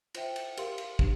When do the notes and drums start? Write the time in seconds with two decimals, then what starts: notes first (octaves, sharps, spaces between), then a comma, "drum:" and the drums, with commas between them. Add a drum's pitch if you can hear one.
0.14 F4 C5 E5 G5, drum: cymbal
0.36 drum: cymbal
0.57 G4 A#4 F5 C6, drum: cymbal
0.78 drum: cymbal
0.99 D4 G4, drum: kick